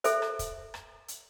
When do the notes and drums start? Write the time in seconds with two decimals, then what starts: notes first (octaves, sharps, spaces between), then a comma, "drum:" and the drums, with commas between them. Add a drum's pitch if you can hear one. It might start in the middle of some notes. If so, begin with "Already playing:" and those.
0.04 A4 C5 E5, drum: hi-hat
0.22 drum: rim click
0.39 drum: kick, hi-hat
0.74 drum: rim click
1.08 drum: hi-hat